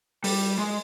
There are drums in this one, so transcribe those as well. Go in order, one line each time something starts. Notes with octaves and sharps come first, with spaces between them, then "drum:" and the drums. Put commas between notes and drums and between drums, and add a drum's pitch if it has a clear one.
G3, drum: open hi-hat
G#3